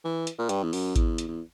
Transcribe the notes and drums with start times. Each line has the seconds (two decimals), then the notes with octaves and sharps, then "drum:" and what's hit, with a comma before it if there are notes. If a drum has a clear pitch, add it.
0.04 E3
0.27 drum: hi-hat
0.39 A#2
0.49 G2, drum: hi-hat
0.63 E2
0.73 F#2, drum: open hi-hat
0.96 E2, drum: kick G#1, hi-hat
1.18 drum: hi-hat
1.28 E2